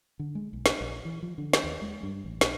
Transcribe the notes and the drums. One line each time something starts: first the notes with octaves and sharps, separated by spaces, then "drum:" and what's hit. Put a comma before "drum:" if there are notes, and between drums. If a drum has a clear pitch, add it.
D3
G#3
B1
drum: snare
A#1
E3
F3
D3
drum: snare
D#2
G#3
G2
A1
A#1, drum: snare